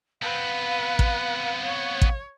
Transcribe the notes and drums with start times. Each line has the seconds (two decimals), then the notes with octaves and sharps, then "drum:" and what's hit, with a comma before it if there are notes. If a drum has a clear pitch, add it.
0.22 B3 C4 B4 F5
0.99 drum: kick A1
1.65 C#5
2.02 drum: kick A1